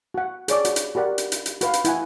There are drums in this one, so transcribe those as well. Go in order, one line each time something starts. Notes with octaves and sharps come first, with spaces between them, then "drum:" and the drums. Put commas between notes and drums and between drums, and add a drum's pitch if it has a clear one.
F#4 F#5
G#4 C#5 D5 D6, drum: hi-hat
F#4, drum: hi-hat
drum: hi-hat
F#4 G4 A#4 D5 F#5
drum: hi-hat
drum: hi-hat
drum: hi-hat
F#4 B4 F5, drum: hi-hat
drum: hi-hat
E4 F#5 G#5, drum: hi-hat